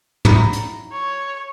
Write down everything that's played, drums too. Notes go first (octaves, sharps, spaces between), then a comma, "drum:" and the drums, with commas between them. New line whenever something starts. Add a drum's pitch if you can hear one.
F#3 D#4 E4, drum: tom
drum: hi-hat
C#5